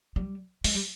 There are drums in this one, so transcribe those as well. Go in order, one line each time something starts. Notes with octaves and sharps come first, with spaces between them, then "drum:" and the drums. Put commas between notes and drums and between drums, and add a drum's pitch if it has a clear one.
G3
G#3, drum: open hi-hat
G3